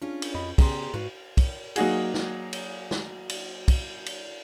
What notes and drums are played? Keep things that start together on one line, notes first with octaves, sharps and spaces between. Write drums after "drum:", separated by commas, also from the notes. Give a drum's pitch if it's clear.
C#4 D4 F4 G#4
drum: cymbal
F2 D#5 B5
C#3 B3 C#4 G4 G#4 A#5 C6, drum: kick, cymbal
G#2 F#4 B4 F5
drum: kick, cymbal
F#3 A#3 D#4 F#4 G#4, drum: cymbal
drum: snare
drum: cymbal
drum: snare
drum: cymbal
drum: kick, cymbal
drum: cymbal